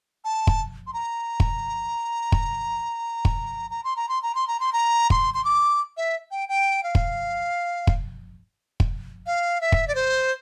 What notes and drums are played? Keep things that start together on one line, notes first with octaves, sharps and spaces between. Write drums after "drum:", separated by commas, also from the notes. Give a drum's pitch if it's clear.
A5
drum: kick
C6
A#5
drum: kick
drum: kick
drum: kick
A#5
C6
A#5
C6
A#5
C6
A#5
C6
A#5
C6, drum: kick
C6
D6
E5
G5
G5
F5
drum: kick
drum: kick
drum: kick
F5
E5
drum: kick
D5
C5